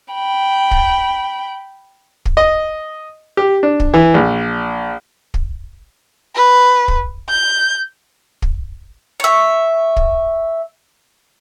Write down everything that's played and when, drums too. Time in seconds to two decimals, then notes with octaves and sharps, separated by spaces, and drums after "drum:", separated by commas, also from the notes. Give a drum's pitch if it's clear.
0.14 G5 B5
0.71 drum: kick
2.26 drum: kick
2.37 D#5
3.37 G4
3.63 D4
3.80 drum: kick
3.94 E3
4.14 A#1
5.34 drum: kick
6.36 B4
6.88 drum: kick
7.29 G6
8.42 drum: kick
9.20 C#5 E5
9.97 drum: kick